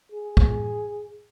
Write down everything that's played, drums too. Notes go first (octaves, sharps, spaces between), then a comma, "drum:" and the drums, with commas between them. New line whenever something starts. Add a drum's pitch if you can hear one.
G#4
drum: kick